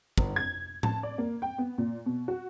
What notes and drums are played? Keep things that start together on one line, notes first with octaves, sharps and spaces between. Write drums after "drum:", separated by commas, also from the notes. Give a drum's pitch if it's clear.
G1, drum: kick
G#6
A5, drum: tom A2
D5
A#3
G5
B3
A#2
B2
F#4